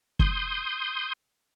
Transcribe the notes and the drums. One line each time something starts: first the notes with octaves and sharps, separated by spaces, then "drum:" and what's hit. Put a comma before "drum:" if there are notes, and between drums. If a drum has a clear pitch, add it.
C6 D#6 G6, drum: kick